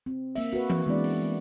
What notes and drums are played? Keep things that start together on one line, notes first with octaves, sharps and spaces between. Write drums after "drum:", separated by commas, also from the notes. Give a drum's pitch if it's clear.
C4
A#3 E5, drum: open hi-hat
F#4 B4
drum: tom E3
E3 G#3 B3 C4 D4 D5
drum: open hi-hat